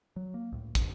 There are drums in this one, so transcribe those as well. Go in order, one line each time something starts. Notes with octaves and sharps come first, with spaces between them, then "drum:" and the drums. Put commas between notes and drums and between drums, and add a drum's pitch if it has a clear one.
F#3
A#3
C#2 A2
F#2, drum: kick, hi-hat